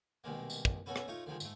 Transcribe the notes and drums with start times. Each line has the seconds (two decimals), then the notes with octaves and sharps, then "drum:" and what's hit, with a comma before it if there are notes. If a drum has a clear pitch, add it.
0.24 C2 B2 D#3 G#3 A#3
0.50 drum: tambourine
0.65 drum: kick
0.86 A3 B3 C#4 F#4 A4 B4
0.96 drum: rim click
1.08 A3 D#4 F4 C#5
1.26 D3 D#3 F3 G#3
1.40 G#2 A3, drum: tambourine